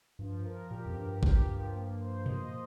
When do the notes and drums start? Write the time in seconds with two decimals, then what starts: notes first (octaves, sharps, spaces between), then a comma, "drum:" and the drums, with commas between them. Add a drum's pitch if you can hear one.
0.19 G2 F3
0.45 A#4
0.71 A#2 G4
0.86 F2
0.96 G2 A#4
1.23 G4, drum: kick A1
1.48 F3
1.74 A#3
2.00 C5
2.26 D#5, drum: tom A#2